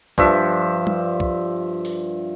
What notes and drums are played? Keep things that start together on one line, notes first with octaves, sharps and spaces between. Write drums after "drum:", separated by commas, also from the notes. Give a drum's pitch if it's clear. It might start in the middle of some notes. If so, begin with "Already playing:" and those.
G2 F3 E5, drum: kick
drum: tom G3
drum: kick
drum: open hi-hat